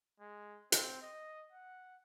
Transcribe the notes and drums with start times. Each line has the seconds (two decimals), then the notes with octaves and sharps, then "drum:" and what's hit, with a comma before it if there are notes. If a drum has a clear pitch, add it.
0.20 G#3
0.72 C4, drum: hi-hat
1.02 D#5
1.52 F#5